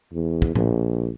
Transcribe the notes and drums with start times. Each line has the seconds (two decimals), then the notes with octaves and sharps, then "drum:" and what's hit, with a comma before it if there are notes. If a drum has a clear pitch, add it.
0.14 E2
0.42 drum: kick
0.55 A#1, drum: tom A2